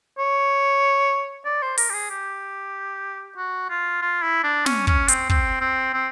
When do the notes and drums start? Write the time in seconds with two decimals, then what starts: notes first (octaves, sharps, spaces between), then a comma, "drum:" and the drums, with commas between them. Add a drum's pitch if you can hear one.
0.19 C#5
1.45 D5
1.62 C5
1.78 A#4, drum: open hi-hat
1.90 G4
1.93 G#4
2.10 G4
3.37 F#4
3.70 F4
4.02 F4
4.23 E4
4.44 D4
4.66 C#4, drum: snare
4.87 C#4, drum: kick
5.08 C4, drum: hi-hat
5.29 C4, drum: kick
5.61 C4
5.93 C4